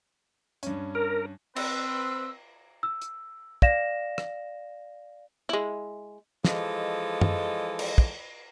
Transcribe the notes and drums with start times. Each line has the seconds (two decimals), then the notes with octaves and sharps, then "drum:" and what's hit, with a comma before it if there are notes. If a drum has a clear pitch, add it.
0.63 G2 C#4, drum: hi-hat
0.95 A#4
1.56 C4 B4 E6, drum: cymbal
2.83 E6
3.02 drum: hi-hat
3.62 D5 F5 A#6 E7, drum: kick
4.18 drum: rim click
5.49 G#3 E4
6.45 E3 F3 G#3 A4 D#5, drum: snare
7.21 drum: tom F#2
7.79 drum: cymbal
7.98 drum: kick